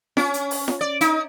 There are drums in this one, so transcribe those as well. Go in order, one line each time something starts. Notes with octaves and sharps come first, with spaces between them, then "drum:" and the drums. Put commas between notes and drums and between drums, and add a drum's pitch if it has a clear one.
C#4, drum: snare
drum: hi-hat
drum: open hi-hat
drum: snare
D5
D#4, drum: hi-hat